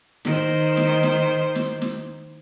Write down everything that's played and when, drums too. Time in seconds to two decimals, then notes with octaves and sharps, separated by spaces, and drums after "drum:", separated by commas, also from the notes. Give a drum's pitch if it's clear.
0.25 D#3 C5, drum: snare
0.77 drum: snare
1.03 drum: snare
1.55 drum: snare
1.82 drum: snare